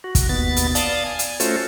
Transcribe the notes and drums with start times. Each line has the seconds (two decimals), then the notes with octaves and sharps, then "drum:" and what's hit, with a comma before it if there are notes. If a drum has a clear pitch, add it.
0.04 F#4
0.15 drum: kick, hi-hat
0.29 D#2 B2 B3 A6
0.56 drum: hi-hat
0.75 D5 F5 A5 D#6, drum: hi-hat
1.05 G#5
1.19 drum: hi-hat
1.40 A3 C#4 F4 F#4 A4 C5, drum: hi-hat